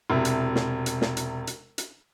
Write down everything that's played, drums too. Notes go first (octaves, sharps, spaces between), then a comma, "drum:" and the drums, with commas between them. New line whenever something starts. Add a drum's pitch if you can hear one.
E1 C3 E4
drum: hi-hat
drum: snare
drum: hi-hat
drum: snare
drum: hi-hat
drum: hi-hat
drum: hi-hat